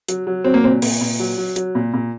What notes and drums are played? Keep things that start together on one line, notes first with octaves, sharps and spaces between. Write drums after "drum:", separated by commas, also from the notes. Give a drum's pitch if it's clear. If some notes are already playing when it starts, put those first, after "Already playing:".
F#3, drum: hi-hat
F#3
F#3 C4
A#3
A#2 C4
A#2, drum: open hi-hat
A#2
F#3
F#3
F#3, drum: hi-hat
A#2
A#2